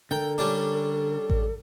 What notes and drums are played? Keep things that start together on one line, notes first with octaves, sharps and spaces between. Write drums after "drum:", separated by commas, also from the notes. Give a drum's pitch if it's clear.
D3 A4 A#4 G5
G3 C#4 D4
drum: kick A1